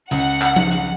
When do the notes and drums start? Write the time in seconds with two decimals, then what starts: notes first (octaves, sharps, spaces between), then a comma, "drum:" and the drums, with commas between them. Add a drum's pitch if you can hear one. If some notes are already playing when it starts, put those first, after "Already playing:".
0.11 C#2 F#5, drum: hi-hat
0.41 drum: clap
0.56 drum: tom F3
0.71 drum: hi-hat